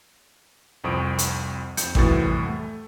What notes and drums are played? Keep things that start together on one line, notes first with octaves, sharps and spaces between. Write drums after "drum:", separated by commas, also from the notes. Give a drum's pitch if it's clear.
C2 F2 C5 C#6 D#6 D7
drum: hi-hat
F2 G6 C#7, drum: hi-hat
C2 F2 A2 E3 F#4 A6, drum: kick A1
A3